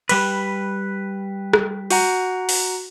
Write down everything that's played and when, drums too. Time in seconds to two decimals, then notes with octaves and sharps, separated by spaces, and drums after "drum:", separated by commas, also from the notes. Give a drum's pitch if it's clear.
0.09 G3 B4, drum: cymbal
1.53 drum: rim click
1.90 F#4 F#5 A#5, drum: open hi-hat
2.49 drum: open hi-hat